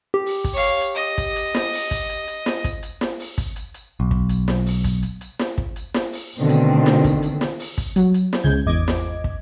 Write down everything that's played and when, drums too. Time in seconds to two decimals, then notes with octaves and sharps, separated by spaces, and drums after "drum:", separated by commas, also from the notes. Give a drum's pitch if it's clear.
0.14 G4
0.26 drum: open hi-hat
0.44 drum: kick, hi-hat
0.54 C#5 F5
0.63 drum: hi-hat
0.81 drum: hi-hat
0.95 D#5
1.18 drum: kick, hi-hat
1.36 drum: hi-hat
1.54 drum: snare
1.73 drum: open hi-hat
1.91 drum: kick, hi-hat
2.09 drum: hi-hat
2.28 drum: hi-hat
2.46 drum: snare
2.64 drum: kick, hi-hat
2.83 drum: hi-hat
3.01 drum: snare
3.19 drum: open hi-hat
3.38 drum: kick, hi-hat
3.56 drum: hi-hat
3.74 drum: hi-hat
4.00 B1
4.11 drum: kick
4.29 drum: hi-hat
4.48 drum: snare
4.66 drum: open hi-hat
4.84 drum: kick, hi-hat
5.03 drum: hi-hat
5.21 drum: hi-hat
5.39 drum: snare
5.58 drum: kick
5.76 drum: hi-hat
5.94 drum: snare
6.13 drum: open hi-hat
6.39 B2 D3 D#3 A3 C4
6.49 drum: hi-hat
6.86 drum: snare
7.04 drum: kick, hi-hat
7.23 drum: hi-hat
7.41 drum: snare
7.59 drum: open hi-hat
7.78 drum: kick, hi-hat
7.96 F#3, drum: hi-hat
8.14 drum: hi-hat
8.33 drum: snare
8.44 C#2 C#3 G#3 G6 G#6
8.66 G#1 E2 D#5 D6 G#6
8.88 drum: snare
9.24 drum: kick